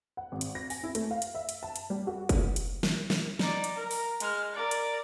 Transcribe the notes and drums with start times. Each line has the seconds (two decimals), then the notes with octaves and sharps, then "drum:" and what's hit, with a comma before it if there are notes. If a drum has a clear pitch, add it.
0.17 F#5
0.32 G#1
0.41 drum: hi-hat
0.55 A#6
0.70 G#5, drum: open hi-hat
0.84 E4
0.95 A3, drum: hi-hat
1.11 F5
1.22 drum: hi-hat
1.35 E5
1.49 drum: hi-hat
1.63 A5
1.76 drum: hi-hat
1.90 G3
2.07 F#4
2.29 drum: kick, hi-hat
2.56 drum: hi-hat
2.83 drum: snare
3.10 drum: snare
3.39 D#4 D5, drum: snare
3.64 drum: hi-hat
3.75 A#4
3.91 drum: open hi-hat
4.20 G#3 F6, drum: hi-hat
4.53 A#4 D5
4.71 drum: hi-hat